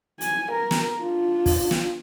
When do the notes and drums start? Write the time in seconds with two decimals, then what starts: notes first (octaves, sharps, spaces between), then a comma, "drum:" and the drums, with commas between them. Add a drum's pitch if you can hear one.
0.21 G#5, drum: hi-hat
0.52 A#4
0.71 drum: snare
0.99 D4 F4
1.46 drum: kick, open hi-hat
1.71 drum: snare